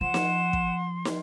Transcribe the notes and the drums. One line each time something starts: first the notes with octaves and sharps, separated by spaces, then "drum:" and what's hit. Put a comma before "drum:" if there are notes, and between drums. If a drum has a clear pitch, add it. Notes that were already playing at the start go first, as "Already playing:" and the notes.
F3 F#5 C6 E7
drum: snare
drum: kick
drum: snare